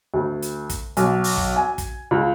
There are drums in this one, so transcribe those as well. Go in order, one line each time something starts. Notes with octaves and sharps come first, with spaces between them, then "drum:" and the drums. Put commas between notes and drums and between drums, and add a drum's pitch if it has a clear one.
D2
drum: hi-hat
drum: kick, hi-hat
B1, drum: hi-hat
drum: open hi-hat
drum: kick
G#5
drum: kick, hi-hat
C#2